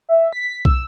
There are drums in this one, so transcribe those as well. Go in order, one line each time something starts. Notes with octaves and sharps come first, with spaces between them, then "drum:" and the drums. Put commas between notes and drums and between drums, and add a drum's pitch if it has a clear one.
E5
B6
E6, drum: kick